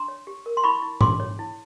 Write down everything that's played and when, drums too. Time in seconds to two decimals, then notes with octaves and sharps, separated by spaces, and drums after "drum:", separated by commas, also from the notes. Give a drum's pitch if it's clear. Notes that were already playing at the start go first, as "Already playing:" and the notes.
Already playing: D4 A#5 C6
0.08 C#5
0.27 G4
0.46 A#4
0.57 C6
0.64 E4 B5 C#6
0.82 E4
1.01 G#4 C6 D6, drum: tom G#2
1.20 C#5
1.39 E4